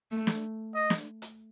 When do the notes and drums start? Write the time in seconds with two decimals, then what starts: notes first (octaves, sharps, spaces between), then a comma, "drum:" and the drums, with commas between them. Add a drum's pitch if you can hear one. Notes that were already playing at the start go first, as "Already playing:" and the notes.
0.12 A3
0.27 drum: snare
0.75 D#5
0.90 drum: snare
1.22 drum: hi-hat